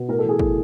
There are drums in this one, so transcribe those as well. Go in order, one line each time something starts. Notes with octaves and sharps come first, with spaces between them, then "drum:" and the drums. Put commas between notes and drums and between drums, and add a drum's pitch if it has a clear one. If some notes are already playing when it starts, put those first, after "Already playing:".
Already playing: B2
A2 A#4
A4
E3 G#4
A2, drum: kick